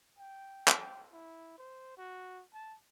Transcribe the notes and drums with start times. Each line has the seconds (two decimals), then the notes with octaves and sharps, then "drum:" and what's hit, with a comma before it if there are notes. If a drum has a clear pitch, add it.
0.18 G5
0.68 drum: clap
0.79 G5
1.13 E4
1.58 C5
1.97 F#4
2.53 A5